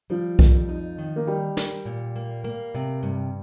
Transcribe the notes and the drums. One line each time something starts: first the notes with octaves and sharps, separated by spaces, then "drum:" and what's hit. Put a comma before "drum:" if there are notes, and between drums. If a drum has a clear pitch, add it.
F3 G3
F2, drum: kick B1
D#4
D#3
A#3
G3 D#4
A#4, drum: snare
A#2
A#3
A#3
C3
G2